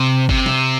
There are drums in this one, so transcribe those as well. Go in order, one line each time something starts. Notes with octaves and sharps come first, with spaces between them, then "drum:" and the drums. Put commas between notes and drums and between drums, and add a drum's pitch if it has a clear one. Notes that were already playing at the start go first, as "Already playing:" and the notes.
Already playing: C3
C3, drum: kick G1
drum: snare